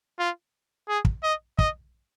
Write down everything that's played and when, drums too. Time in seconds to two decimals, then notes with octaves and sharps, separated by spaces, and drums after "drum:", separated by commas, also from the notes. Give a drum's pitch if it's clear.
0.19 F4
0.89 G#4
1.05 drum: kick
1.23 D#5
1.59 D#5, drum: kick